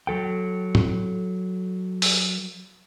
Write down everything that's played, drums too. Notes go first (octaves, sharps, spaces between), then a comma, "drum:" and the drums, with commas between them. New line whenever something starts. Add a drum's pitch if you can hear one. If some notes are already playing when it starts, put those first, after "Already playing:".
F#3 A4 G5
drum: tom
drum: open hi-hat